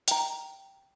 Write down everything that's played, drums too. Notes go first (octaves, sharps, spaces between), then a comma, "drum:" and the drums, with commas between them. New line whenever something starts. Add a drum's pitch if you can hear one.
G5 A#5, drum: hi-hat